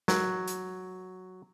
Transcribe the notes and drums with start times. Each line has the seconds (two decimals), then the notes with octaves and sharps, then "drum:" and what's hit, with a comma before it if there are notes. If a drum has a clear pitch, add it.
0.08 F#3, drum: snare
0.47 drum: hi-hat